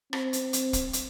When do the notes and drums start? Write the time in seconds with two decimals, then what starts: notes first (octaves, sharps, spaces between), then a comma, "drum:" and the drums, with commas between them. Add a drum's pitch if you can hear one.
0.13 C4, drum: rim click
0.33 drum: hi-hat
0.53 drum: hi-hat
0.73 drum: kick, hi-hat
0.93 drum: hi-hat